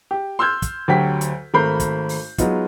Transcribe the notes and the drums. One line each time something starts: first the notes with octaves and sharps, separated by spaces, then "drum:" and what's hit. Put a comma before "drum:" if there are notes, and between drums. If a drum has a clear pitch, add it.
G4
C6 E6 F6 G6 G#6
drum: kick, hi-hat
D2 F#3 G4 B6
drum: hi-hat
G#1 A3 A#4 B5 G6 C7
drum: kick, hi-hat
drum: open hi-hat
F#3 G#3 B3 D#4 F4, drum: kick, hi-hat